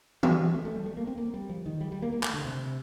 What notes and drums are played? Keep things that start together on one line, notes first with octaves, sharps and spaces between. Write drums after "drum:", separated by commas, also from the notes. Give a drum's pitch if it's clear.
G3, drum: tom E3
A3
A3
G3
A3
A#3
C4
A#3
G3
F3
D#3
G3
G3
A#3
A#3
A3, drum: clap
D3
C3